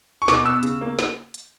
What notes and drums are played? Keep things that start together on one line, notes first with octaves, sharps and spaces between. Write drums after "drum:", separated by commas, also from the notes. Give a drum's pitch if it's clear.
C#6
B2 D6, drum: snare
B3 E6
C#3, drum: hi-hat
A#3
drum: snare
drum: hi-hat